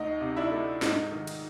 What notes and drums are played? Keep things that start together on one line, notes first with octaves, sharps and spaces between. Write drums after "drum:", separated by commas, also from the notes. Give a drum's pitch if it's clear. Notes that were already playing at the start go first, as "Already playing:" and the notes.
Already playing: D2 D#4
C3
D4 E4
A3
G#2 D#4, drum: snare
D#3
drum: cymbal